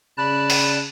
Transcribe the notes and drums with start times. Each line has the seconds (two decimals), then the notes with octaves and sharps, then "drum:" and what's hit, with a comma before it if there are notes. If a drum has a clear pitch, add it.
0.18 C#3 D5 A5 B5 F#6
0.50 drum: open hi-hat